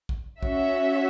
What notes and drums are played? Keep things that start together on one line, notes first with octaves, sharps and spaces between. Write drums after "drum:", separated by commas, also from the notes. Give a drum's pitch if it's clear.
drum: kick
C#4 F#4 E5, drum: kick